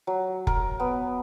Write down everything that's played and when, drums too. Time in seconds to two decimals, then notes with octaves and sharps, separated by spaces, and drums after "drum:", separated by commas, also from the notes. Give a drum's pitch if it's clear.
0.07 F#3
0.47 A#4, drum: kick F1
0.80 B3